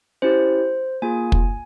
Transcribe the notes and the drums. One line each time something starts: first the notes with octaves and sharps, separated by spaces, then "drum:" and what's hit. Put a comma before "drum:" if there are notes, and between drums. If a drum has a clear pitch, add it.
C#4 E4 G4 C5
A#3 F4 G#4 G#5
drum: kick